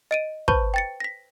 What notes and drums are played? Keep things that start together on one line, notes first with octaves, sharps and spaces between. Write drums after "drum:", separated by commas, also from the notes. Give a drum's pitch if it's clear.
D#5 D7 D#7
B4 C5 A5 B5 C#6 G6, drum: kick
G5 A6 C#7
A#6 B6